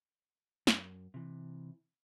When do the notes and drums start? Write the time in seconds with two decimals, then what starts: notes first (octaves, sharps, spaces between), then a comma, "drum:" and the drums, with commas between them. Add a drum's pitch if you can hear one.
0.67 F#2, drum: snare
1.14 C3 E3